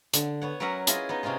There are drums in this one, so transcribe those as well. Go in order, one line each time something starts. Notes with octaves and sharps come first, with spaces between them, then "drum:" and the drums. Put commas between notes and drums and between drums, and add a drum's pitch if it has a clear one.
D3, drum: hi-hat
B3 C#5 F#5
F#3 C#4 A#4 B4 E5 F#5
E4 F4 G#4 D#5, drum: hi-hat
B3 D#4
C3 C#4 D#4 F4 G#4